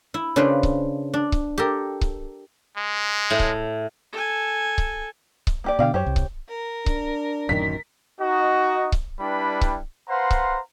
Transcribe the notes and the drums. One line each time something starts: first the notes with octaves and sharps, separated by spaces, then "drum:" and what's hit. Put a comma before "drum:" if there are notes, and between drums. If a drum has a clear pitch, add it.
E4
C#3 D4 F4 B4 C5
drum: kick C#1
D4
drum: kick C#1
G4 A4 A#4
drum: kick C#1
G#3
A2
drum: kick C#1
A4 G#5
drum: kick C#1
drum: kick C#1
A#3 G4 D5
B2 D3 D5 F5 G5
F#2 G4 C5 C#5
C2
drum: kick C#1
A#4
D4, drum: kick C#1
D1 F#2 D#3 B6
D#4 F#4 D#5
drum: kick C#1
G3 D4 E4 B4 G5 B5
drum: kick C#1
B4 C5 F5 F#5 A#5 C6
drum: kick C#1